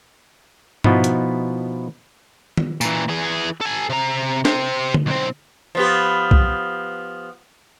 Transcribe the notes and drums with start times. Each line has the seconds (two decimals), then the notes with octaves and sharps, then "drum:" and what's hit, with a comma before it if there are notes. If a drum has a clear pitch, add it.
0.84 B2 F3 B3 D#4 E4, drum: tom G#2
1.04 drum: hi-hat
2.57 drum: tom D#3
2.81 A#2 E3, drum: tambourine
3.09 E3 G#4
3.61 A4 G#5
3.89 C3 A#5
4.45 G4 C5, drum: snare
4.94 drum: tom D3
5.07 B1 C4
5.75 F3 B3 G4
6.31 drum: kick B1